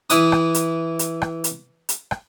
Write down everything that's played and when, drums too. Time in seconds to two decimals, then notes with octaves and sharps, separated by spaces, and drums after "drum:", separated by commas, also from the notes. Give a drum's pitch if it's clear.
0.10 E3 E4 B4 D#6, drum: hi-hat
0.32 drum: rim click
0.54 drum: hi-hat
0.99 drum: hi-hat
1.22 drum: rim click
1.44 drum: hi-hat
1.89 drum: hi-hat
2.11 drum: rim click